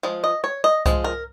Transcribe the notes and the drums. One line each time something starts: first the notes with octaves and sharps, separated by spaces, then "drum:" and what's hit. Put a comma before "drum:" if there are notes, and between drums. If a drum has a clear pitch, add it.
F3 G#3
D#5
C#5
D#5
F3 G#3, drum: kick C2, hi-hat
A#4